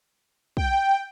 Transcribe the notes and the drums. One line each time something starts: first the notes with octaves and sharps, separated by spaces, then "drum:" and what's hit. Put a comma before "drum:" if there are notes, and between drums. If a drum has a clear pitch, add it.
G5, drum: kick